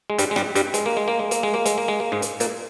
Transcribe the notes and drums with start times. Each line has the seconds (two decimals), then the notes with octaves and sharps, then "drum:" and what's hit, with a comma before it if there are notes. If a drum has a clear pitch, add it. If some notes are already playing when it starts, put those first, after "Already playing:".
0.10 G#3
0.18 G2 G3, drum: hi-hat
0.31 G#3
0.36 G2 G3, drum: rim click
0.55 G2 G3, drum: hi-hat
0.74 G#3, drum: hi-hat
0.86 A#3
0.97 G#3
1.08 A#3
1.19 G#3
1.31 A#3, drum: hi-hat
1.43 G#3
1.54 A#3
1.66 G#3, drum: hi-hat
1.78 A#3
1.88 G#3
2.00 A#3
2.12 G#2 G#3
2.22 drum: hi-hat
2.40 A#2 A#3, drum: hi-hat